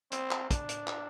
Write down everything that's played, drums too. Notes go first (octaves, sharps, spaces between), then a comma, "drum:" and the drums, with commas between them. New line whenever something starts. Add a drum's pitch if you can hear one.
C4, drum: hi-hat
drum: clap
D4, drum: kick, hi-hat
drum: hi-hat
drum: clap